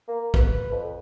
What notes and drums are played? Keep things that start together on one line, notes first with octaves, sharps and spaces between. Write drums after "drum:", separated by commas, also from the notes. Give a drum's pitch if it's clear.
A#3
B4, drum: kick
F2